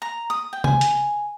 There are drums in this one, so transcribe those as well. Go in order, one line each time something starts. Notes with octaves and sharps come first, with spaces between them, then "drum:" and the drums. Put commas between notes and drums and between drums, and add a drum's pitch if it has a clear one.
A#5
D#6
G5
G#5, drum: tom C3
drum: hi-hat